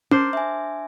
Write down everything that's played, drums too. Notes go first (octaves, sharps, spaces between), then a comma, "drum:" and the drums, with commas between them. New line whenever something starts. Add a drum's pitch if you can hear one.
D4 A#4 C5, drum: tom C#4
E5 G#5